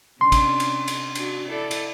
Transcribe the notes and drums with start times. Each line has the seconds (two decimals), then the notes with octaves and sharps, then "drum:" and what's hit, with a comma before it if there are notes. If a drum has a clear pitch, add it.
0.21 C3 C#4 D4 C6
0.32 drum: kick, cymbal
0.60 drum: cymbal
0.88 drum: cymbal
1.15 D4 F#4, drum: cymbal
1.47 E4 A4 D5
1.71 drum: cymbal